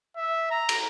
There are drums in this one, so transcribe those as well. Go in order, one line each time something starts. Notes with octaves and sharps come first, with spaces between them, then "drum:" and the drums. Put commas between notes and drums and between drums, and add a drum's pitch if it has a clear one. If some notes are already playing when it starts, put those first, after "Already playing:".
E5
A#5
drum: cymbal